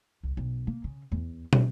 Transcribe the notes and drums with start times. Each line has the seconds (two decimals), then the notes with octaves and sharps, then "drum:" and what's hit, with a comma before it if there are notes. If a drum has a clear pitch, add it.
0.23 C2
0.37 B1
0.67 A#3
0.84 C#3
1.12 E2
1.53 D3, drum: tom